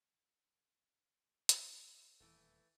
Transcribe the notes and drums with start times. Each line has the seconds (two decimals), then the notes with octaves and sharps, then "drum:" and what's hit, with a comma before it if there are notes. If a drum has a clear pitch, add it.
1.49 drum: hi-hat
2.20 D#1 E2 E3 A3